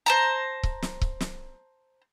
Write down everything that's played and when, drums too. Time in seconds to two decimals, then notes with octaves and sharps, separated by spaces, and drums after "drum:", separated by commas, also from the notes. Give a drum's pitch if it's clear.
0.06 C5 A5 A#5
0.63 drum: kick C#1
0.82 drum: snare
1.01 drum: kick C#1
1.20 drum: snare